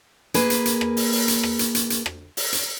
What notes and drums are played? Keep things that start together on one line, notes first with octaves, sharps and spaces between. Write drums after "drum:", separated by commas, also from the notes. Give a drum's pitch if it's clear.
A#3 G#4 B4, drum: hi-hat
drum: hi-hat
drum: hi-hat
drum: rim click
drum: open hi-hat
drum: open hi-hat
drum: hi-hat
drum: rim click
drum: hi-hat
drum: hi-hat
drum: hi-hat
drum: rim click
drum: open hi-hat
drum: hi-hat